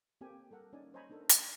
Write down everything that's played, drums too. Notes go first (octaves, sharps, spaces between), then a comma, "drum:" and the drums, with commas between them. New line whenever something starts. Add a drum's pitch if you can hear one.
A#3 C4 G4 A4 G#5
G3 A4 A#4 F#5
A#3 C#4 D#4 C#5 D5 G#5
C5 C#5 D#5 G#5 A#5 B5
A#3 D4 D#4 A4 A#4
drum: hi-hat